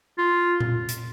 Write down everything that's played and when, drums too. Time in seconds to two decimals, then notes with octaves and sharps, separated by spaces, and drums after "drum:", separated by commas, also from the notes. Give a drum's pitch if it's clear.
0.18 F4
0.60 drum: tom A#2
0.89 drum: hi-hat